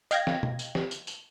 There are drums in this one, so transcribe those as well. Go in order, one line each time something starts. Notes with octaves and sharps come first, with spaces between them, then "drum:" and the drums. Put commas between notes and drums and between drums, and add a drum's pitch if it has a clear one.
D#5 F5 G5 G#6 A#6, drum: tambourine
drum: snare
drum: tom B2
drum: tambourine
drum: snare
drum: tambourine
drum: tambourine